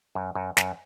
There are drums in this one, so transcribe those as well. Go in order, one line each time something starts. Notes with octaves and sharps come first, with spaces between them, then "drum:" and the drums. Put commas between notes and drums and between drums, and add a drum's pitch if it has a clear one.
F#2
F#2
F#2, drum: snare